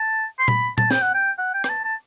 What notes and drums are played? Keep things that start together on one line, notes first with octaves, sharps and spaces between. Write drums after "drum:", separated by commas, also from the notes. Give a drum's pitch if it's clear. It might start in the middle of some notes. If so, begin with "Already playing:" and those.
Already playing: A5
C6
B5, drum: tom A#2
A5, drum: tom A#2
G5, drum: snare
F#5
G5
F#5
G5
G5, drum: rim click
A5
A5